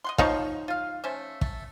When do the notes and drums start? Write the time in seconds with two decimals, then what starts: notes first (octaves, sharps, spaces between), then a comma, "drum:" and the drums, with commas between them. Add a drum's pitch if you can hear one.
0.04 D#5 F#5 C6
0.18 F3 D#4 C5 C#5 C#6, drum: kick
0.68 F4 F5
1.04 A3 C#4 C5
1.41 A3, drum: kick